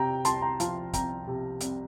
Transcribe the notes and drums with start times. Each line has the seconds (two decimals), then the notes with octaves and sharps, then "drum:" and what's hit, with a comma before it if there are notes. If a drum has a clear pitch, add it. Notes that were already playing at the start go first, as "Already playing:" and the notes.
Already playing: C3 G5 A#5
0.25 C2 A5 C6, drum: hi-hat
0.42 G5 A#5
0.60 F3 F5 A5, drum: hi-hat
0.93 C2 G5 A#5, drum: kick, hi-hat
1.27 C3
1.60 C2, drum: hi-hat